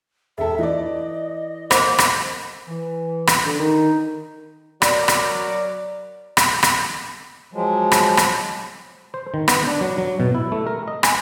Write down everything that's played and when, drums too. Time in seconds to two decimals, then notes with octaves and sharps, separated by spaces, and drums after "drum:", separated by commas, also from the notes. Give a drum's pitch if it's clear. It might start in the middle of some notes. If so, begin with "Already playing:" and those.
0.38 E1 A4 E5
0.59 E3 D5 D#5
1.71 A#3 C5 F#5, drum: rim click
1.98 drum: rim click
2.68 E3
3.27 drum: rim click
3.45 D3
3.59 D#3 D#4
4.82 F#3 A#4 D5, drum: rim click
5.08 drum: rim click
6.37 drum: rim click
6.63 drum: rim click
7.54 F3 F#3 G#3
7.92 drum: rim click
8.17 drum: rim click
9.14 C5
9.34 D#3
9.48 B3, drum: rim click
9.67 D4
9.81 F#3
9.98 F#3
10.20 B2
10.34 E4
10.52 A3
10.67 A#4
10.88 D#5
11.03 G#5, drum: rim click